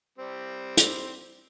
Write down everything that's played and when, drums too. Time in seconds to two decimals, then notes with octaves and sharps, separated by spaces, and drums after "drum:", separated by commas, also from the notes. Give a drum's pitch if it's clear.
0.18 G3 C4
0.77 drum: hi-hat